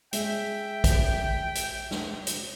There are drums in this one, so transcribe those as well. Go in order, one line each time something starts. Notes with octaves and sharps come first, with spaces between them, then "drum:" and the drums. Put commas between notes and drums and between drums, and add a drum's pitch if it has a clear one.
G#3 E5 G5, drum: hi-hat
drum: kick A#1, hi-hat
drum: hi-hat
drum: snare
drum: hi-hat